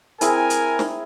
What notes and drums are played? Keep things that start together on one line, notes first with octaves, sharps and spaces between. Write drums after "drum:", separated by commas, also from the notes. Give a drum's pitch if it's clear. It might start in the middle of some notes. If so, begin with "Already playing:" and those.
C4 E4 G#4 A#4 G#5, drum: hi-hat
drum: hi-hat
drum: snare